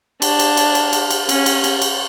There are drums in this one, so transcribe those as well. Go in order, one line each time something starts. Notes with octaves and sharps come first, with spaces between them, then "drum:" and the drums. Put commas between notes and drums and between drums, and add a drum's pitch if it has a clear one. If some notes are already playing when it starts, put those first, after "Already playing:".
D4, drum: cymbal
drum: cymbal
drum: cymbal
drum: cymbal
drum: cymbal
drum: cymbal
C#4, drum: cymbal
drum: cymbal
drum: cymbal
drum: cymbal